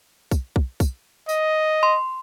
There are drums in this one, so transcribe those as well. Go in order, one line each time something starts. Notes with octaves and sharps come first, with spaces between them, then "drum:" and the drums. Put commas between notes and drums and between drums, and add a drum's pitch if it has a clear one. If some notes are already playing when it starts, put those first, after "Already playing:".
drum: kick, tambourine
drum: kick
drum: kick, tambourine
D#5, drum: tambourine
C6